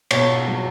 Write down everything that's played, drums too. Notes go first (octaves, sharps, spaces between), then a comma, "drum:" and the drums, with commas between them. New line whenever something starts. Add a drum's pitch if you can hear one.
B2 C#5, drum: cymbal
F#3